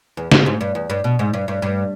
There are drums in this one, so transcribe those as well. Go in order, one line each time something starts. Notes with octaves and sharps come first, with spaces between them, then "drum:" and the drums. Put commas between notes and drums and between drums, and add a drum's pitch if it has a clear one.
E2
G#2, drum: snare
G#2
G2
E2
G2
B2
G#2
G2
G2
G2